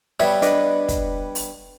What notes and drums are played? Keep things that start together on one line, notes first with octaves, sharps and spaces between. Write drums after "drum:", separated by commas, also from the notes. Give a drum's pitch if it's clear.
G3 B3 C#5 E5
D4 B4 D#5, drum: hi-hat
drum: kick, hi-hat
drum: open hi-hat